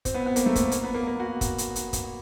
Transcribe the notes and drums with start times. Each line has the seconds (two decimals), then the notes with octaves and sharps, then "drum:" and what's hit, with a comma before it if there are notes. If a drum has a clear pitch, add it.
0.05 C4, drum: kick, hi-hat
0.14 B3
0.26 B3
0.36 A#3, drum: hi-hat
0.46 A3
0.56 A#3, drum: kick, hi-hat
0.72 A#3, drum: hi-hat
0.84 B3
0.94 A#3
1.07 A#3
1.20 F#4
1.41 drum: kick, hi-hat
1.58 drum: hi-hat
1.76 drum: hi-hat
1.93 drum: kick, hi-hat